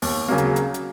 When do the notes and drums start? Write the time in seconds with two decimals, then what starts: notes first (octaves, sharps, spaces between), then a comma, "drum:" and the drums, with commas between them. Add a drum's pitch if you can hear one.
0.02 D#2, drum: open hi-hat
0.28 C#3 F#3 A#3
0.38 drum: hi-hat
0.56 drum: hi-hat
0.74 drum: hi-hat